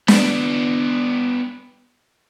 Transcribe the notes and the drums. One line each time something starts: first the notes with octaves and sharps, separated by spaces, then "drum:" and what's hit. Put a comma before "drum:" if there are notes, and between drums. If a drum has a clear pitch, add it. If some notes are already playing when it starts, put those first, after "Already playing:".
B3 D4, drum: snare